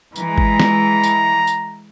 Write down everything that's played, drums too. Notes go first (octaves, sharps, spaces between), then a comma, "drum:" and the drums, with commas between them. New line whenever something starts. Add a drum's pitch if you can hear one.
E3 G#3 A#5, drum: tambourine
drum: kick G#1
drum: snare
drum: tambourine
drum: tambourine